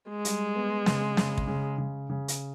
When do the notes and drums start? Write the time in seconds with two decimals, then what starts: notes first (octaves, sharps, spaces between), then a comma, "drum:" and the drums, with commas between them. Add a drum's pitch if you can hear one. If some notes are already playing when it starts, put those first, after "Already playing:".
0.09 G#3
0.25 G3, drum: hi-hat
0.55 B3
0.86 C#3, drum: snare
1.17 C#3, drum: snare
1.38 drum: kick
1.48 C#3
1.78 C#3
2.10 C#3
2.28 drum: hi-hat